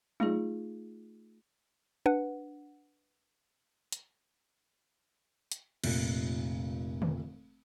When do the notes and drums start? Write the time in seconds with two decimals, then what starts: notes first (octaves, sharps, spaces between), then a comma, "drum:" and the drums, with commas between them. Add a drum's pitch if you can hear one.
0.20 A3 D#4 F4 G#4, drum: tom F#3
2.06 D4 B4 F#5
3.92 drum: hi-hat
5.52 drum: hi-hat
5.84 F1 A#2, drum: cymbal
7.02 drum: tom D3